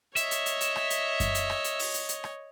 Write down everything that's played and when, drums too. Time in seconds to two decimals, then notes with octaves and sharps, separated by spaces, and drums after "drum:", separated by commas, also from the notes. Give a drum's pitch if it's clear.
0.16 C#5 D#5 E5, drum: hi-hat
0.31 drum: hi-hat
0.46 drum: hi-hat
0.61 drum: hi-hat
0.76 drum: rim click
0.90 drum: hi-hat
1.20 drum: kick F#2, hi-hat
1.35 drum: hi-hat
1.50 drum: rim click
1.64 drum: hi-hat
1.79 drum: open hi-hat
1.94 drum: hi-hat
2.09 drum: hi-hat
2.24 drum: rim click